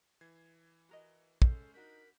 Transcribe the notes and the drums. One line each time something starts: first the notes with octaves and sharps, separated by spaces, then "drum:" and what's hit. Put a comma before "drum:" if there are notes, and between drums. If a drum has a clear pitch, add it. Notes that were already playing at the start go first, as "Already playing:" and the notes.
E3 G#6 C7
F#4 A#4 D#5
G#3 C#4 A4 C5, drum: kick
D4 D#4 F#4 A#4 B5 G6